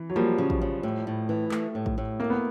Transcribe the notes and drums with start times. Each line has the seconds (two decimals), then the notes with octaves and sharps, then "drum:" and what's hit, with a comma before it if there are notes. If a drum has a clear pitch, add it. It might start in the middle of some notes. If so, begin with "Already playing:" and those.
Already playing: E3
0.10 F#3
0.16 F3 G3 A#3
0.38 C#3
0.50 drum: kick A1
0.62 C#3
0.83 A2
1.07 A2
1.29 E3
1.51 A3, drum: clap
1.75 A2
1.86 drum: kick A1
1.98 A2
2.20 A3 A#3
2.30 B3